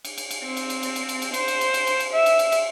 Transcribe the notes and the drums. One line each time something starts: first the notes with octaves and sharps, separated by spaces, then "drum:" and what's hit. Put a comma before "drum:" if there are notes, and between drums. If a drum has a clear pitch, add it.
drum: cymbal
drum: cymbal
drum: cymbal
C4
drum: cymbal
drum: cymbal
drum: cymbal
drum: cymbal
drum: cymbal
drum: cymbal
C5, drum: cymbal
drum: cymbal
drum: cymbal
drum: cymbal
drum: cymbal
drum: cymbal
E5
drum: cymbal
drum: cymbal
drum: cymbal